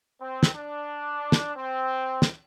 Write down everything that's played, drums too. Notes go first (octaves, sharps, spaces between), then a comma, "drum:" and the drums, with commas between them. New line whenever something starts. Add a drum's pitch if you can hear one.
C4
drum: snare
D4
drum: snare
C4
drum: snare